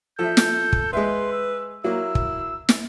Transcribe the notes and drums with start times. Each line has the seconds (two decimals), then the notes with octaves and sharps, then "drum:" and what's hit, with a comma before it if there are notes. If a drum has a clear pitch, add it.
0.19 F3 A4 E5 G6
0.37 drum: snare
0.73 drum: kick
0.93 G#3 B4 E5 C6
1.32 E6
1.84 F#3 A#3 E4 E6
2.15 drum: kick
2.69 drum: snare